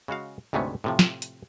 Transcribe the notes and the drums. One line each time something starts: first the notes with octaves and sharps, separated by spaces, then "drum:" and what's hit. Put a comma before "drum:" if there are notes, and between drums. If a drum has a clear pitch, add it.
C#3 G#3 F#4 F5
D2 G#2 C3 A3 B3 C#4
A2 C3 F3
drum: snare
drum: hi-hat